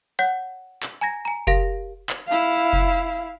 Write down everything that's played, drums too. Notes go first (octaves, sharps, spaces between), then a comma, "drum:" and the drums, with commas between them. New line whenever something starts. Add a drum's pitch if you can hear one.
C#5 F#5 G6
drum: clap
G#5 A#5 G#6 A#6
G#5 A#5
G4 A#4 F5 A#6, drum: kick F1
drum: clap
E4 F5
drum: kick F1